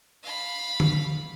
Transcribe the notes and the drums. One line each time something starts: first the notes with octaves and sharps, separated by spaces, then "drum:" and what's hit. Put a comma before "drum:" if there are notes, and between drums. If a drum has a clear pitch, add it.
F5 B5
drum: tom D3